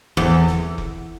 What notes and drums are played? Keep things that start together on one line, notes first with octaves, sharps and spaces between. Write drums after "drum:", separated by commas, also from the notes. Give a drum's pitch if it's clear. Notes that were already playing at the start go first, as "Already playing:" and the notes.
E2, drum: kick F1
drum: snare
drum: kick F1